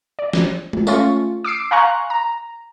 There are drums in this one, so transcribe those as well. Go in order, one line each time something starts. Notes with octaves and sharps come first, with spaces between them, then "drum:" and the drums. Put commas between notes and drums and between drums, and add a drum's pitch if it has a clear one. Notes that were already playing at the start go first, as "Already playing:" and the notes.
D5
drum: snare
drum: tom G#3
A3 C#4 F4 C#6, drum: tambourine
D6 E6 C7 D7
F5 G#5 A#5 C6 C#6 F#6
A#5